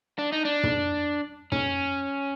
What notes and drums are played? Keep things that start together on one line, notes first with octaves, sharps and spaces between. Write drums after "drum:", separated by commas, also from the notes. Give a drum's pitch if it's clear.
D4
D#4
D4
drum: tom
C#4, drum: tom